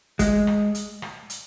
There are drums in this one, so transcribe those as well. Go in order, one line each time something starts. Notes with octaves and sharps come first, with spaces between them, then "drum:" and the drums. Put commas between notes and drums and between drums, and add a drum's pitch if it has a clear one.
G#3, drum: kick, hi-hat
drum: rim click
drum: hi-hat
drum: rim click
drum: hi-hat